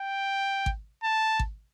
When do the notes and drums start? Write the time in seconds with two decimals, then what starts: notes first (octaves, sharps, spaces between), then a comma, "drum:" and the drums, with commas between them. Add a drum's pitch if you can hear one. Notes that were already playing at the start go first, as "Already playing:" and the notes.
Already playing: G5
0.66 drum: kick G#1
1.03 A5
1.39 drum: kick G#1